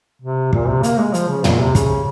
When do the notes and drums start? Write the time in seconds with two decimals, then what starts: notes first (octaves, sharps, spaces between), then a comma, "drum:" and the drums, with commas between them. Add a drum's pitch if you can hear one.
0.22 C3
0.53 A#2, drum: kick
0.68 C3
0.83 A#3, drum: hi-hat
0.98 G#3
1.14 F3, drum: hi-hat
1.29 C#3
1.44 A#2, drum: tom
1.60 C3
1.75 C#3, drum: kick, hi-hat